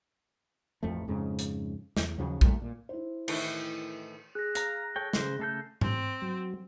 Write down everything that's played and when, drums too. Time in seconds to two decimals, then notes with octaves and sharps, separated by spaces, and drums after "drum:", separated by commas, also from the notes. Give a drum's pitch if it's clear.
0.83 A1 F2 F3 A3
1.08 F2 G#2 C#3
1.39 drum: hi-hat
1.97 E2, drum: snare
2.18 D#2 C#3 F3 F#3
2.41 C2 A#2 G3 A3, drum: kick A#1
2.62 A#2
2.89 E4 C5
3.28 A2 D#3 E3, drum: cymbal
4.35 G#4 F#6 A#6
4.55 F5 A#5 A#6, drum: hi-hat
4.96 A4 C#5 G5
5.13 C#3 C5, drum: snare
5.39 C#3 A3 A4 G6 C7
5.81 C4, drum: tom G#2
6.22 F#3